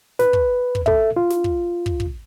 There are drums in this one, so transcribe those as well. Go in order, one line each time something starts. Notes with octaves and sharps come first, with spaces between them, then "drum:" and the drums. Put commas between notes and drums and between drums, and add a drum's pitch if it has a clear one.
B4, drum: snare
drum: kick
drum: kick
A4 E5, drum: kick
F4
drum: snare
drum: kick
drum: kick
drum: kick